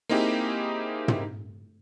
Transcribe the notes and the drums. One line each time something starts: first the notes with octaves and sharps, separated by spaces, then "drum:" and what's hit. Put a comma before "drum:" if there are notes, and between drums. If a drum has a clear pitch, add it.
A#3 C4 D#4 E4 G4 G#4
drum: tom